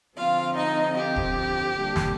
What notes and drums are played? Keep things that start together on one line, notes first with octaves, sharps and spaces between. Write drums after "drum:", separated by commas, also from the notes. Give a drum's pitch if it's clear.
D3 F3 C4 F4 F5
D#4 D#5
G4
drum: kick D#1
D3 G3 A#3 D4
drum: snare